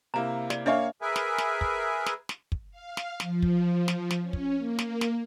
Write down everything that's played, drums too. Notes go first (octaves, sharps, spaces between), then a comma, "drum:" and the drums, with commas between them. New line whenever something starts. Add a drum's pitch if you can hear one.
C3 A#3 E4 A#5
D5, drum: snare
A#3 D4 C#5 E5 F5
G#4 A#4 B4 E5 G#5
drum: snare
drum: snare
drum: kick
drum: snare
drum: snare
drum: kick
F5
drum: snare
F3, drum: snare
drum: kick
drum: snare
drum: snare
C#4
drum: kick
A#3
drum: snare
drum: snare